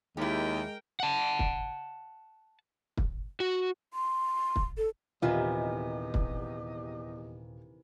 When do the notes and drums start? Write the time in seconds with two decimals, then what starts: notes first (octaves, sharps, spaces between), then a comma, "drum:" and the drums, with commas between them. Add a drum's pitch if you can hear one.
0.17 D#2 G#3 E4 G4 A#4 G5
1.00 F#5 A5
1.39 drum: kick
2.97 drum: kick
3.40 F#4
3.94 C6
4.56 drum: kick
4.78 A4
5.22 D#1 E2 C3 D#3 E3 F4 G4 D#5
6.14 drum: kick